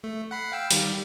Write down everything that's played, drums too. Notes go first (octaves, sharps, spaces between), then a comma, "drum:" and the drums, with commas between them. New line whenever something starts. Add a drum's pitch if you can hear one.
A3
F#5 B5 C7
F5 G5 E6
D#3 G3, drum: open hi-hat